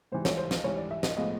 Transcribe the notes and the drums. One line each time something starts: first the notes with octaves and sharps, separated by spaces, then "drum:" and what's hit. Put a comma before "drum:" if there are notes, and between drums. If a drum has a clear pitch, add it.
G#2 E3 G3 C5
C#5, drum: snare
C5
drum: snare
G#2 E3 G3 C#5
D5
E5
D#5, drum: snare
A2 F3 G#3 B3 D#5